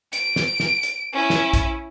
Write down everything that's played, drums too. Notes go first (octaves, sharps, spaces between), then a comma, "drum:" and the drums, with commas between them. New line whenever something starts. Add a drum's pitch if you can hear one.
D7, drum: hi-hat
drum: snare
drum: snare
drum: hi-hat
C#4 E4
drum: snare
drum: kick A#1, hi-hat